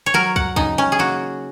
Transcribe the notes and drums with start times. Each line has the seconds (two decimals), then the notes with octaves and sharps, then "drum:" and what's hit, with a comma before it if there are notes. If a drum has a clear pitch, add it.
0.06 C#5
0.14 F#3 A#4
0.36 F#5, drum: kick
0.56 C#3 D#4, drum: kick
0.78 C#4
0.92 G#4
0.99 A#3 F#4